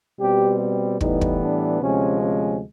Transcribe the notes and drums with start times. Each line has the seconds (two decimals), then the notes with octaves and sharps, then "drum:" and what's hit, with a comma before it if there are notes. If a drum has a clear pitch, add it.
0.20 B2 G3 C4 G4
1.01 A2 E3 G3 B3 D#4, drum: kick
1.21 drum: kick
1.42 D4
1.82 D2 C3 F3 G#3 C#4
2.22 C#4